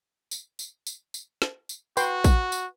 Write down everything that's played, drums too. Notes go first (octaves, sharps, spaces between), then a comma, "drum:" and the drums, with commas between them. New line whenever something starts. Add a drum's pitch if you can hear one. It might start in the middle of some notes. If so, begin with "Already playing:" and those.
drum: tambourine
drum: tambourine
drum: tambourine
drum: tambourine
drum: snare
drum: tambourine
F#4 B4 G5 C6, drum: tambourine
drum: kick, tambourine
drum: tambourine